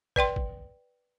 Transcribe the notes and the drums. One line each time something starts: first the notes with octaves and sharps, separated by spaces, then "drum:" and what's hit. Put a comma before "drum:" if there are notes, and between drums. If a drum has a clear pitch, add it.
B4 D5 G5 C6, drum: kick
drum: kick